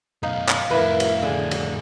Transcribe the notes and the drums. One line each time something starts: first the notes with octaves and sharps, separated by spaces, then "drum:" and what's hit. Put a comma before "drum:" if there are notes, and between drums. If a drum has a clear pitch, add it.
F#2 B2 D#4 F5
drum: clap
F2 A2 E4 A#4 B4
drum: cymbal
D3 G#4
drum: cymbal